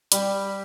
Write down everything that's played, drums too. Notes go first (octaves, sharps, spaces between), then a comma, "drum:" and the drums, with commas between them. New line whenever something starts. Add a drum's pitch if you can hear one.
G3, drum: hi-hat